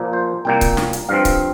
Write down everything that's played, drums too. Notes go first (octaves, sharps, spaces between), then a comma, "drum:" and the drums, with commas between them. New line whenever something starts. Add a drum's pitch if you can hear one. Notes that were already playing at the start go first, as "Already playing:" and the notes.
Already playing: A#2 F3 A#3
C5
C2 A#2 A#3 G5
drum: kick C#1, hi-hat
drum: snare
drum: hi-hat
G2 F3 C4 F5
drum: kick C#1, hi-hat